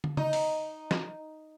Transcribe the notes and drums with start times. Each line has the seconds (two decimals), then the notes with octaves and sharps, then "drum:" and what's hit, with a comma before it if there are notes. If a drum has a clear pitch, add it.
0.04 drum: tom
0.17 D#4, drum: tom C#3
0.33 drum: open hi-hat
0.91 drum: snare